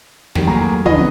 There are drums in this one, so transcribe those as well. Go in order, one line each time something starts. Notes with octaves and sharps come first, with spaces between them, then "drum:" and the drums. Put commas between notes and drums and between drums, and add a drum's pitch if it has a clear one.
F2 D#3 G3, drum: snare
A2 F#3 A3 A#3 G#4 A#5
D2 F3 F#3 B4 D#5, drum: tom